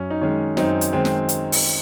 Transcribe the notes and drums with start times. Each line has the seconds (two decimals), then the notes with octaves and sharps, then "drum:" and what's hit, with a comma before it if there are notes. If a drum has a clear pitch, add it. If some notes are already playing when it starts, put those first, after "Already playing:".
Already playing: F#2 C#4
0.11 D#4
0.21 D#3 G#3 C#4
0.57 F#2 C4 D#4, drum: snare
0.81 drum: hi-hat
0.93 D#3 G#3 C4
1.05 drum: snare
1.29 drum: hi-hat
1.52 drum: open hi-hat